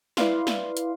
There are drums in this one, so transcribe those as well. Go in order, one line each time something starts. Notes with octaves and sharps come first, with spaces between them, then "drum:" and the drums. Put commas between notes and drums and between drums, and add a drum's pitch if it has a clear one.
E4 B4 D5 F5 C6, drum: snare
drum: snare
drum: hi-hat